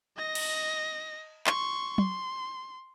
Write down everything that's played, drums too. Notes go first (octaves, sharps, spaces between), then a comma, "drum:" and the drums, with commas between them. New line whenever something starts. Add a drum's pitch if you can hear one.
D#5 A#6
drum: cymbal
C6 C#6, drum: clap
C6, drum: tom